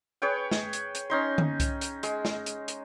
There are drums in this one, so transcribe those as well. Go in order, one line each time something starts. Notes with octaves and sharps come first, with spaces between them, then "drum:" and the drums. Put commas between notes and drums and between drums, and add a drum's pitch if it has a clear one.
G#4 B4 C#5 G5
drum: snare
drum: hi-hat
drum: hi-hat
C#4 D#4 C6
drum: tom D3
drum: kick C2, hi-hat
drum: hi-hat
G#3, drum: hi-hat
drum: snare
drum: hi-hat
drum: hi-hat